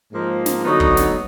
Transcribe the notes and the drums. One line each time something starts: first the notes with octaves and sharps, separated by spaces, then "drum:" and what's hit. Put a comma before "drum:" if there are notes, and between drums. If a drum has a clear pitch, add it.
G#2 F3 A#3 D#4
drum: snare
D3 F#3 B3 D#4
drum: kick
drum: snare